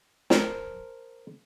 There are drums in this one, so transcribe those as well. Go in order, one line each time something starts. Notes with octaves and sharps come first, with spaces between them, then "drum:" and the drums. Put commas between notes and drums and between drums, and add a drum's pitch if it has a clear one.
A#4 C5 A5, drum: snare